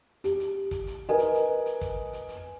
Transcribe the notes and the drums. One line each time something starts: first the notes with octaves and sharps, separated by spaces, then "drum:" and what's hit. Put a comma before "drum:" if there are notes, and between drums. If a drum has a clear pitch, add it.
G4, drum: hi-hat
drum: hi-hat
drum: kick, hi-hat
drum: hi-hat
A#4 B4 D#5 G#5
drum: hi-hat
drum: hi-hat
drum: hi-hat
drum: kick, hi-hat
drum: hi-hat
drum: hi-hat